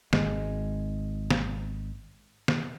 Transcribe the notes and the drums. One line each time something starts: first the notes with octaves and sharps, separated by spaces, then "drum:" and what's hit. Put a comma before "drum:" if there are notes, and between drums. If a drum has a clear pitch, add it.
G#1 G#3, drum: snare
drum: snare
drum: snare